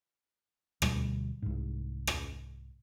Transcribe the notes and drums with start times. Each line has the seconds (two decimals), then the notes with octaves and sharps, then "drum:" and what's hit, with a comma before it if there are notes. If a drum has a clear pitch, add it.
0.82 D2 B2 G3, drum: rim click
1.42 C2 G#2
2.07 drum: rim click